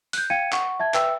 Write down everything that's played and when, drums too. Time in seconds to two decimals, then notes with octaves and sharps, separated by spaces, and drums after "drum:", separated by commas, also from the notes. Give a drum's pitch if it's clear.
0.13 F#6 G6, drum: open hi-hat
0.30 F5 G5 G#6 C#7 D#7
0.53 F#5 C#6, drum: clap
0.80 E5 A5 G#6
0.94 B4 E5 G5 E6, drum: clap